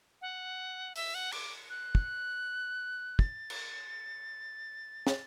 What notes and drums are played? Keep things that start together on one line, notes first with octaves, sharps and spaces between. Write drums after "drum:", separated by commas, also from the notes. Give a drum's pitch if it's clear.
F#5
E5, drum: open hi-hat
F#5
D6, drum: cymbal
F#6
drum: kick
A6, drum: kick
drum: cymbal
drum: snare